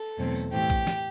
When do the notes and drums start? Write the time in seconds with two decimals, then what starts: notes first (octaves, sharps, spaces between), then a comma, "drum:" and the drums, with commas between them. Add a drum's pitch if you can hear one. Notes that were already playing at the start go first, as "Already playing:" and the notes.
Already playing: A4
0.18 E2 B2 F#3 A3 C4
0.35 drum: tambourine
0.52 A2 E3 A3 C4 G4
0.70 drum: kick A#1, tambourine
0.87 drum: snare